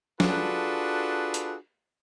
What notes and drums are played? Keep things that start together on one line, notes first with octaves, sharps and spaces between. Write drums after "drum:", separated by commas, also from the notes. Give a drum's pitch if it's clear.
D4 F4 F#4 G#4 A4 B4, drum: snare
drum: hi-hat